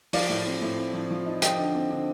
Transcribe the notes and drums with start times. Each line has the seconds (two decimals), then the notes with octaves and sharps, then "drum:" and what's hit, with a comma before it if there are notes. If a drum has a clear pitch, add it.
0.13 F3 D5 F5, drum: open hi-hat
0.29 A2
0.46 C4
0.62 A2
0.78 C4
0.94 F3
1.11 F3
1.26 D#4
1.42 F3 D#5 G5, drum: hi-hat
1.58 D3
1.75 C4
1.90 D3